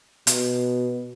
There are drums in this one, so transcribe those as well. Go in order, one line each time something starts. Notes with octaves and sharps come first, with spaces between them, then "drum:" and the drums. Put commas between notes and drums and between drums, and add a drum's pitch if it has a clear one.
B2, drum: hi-hat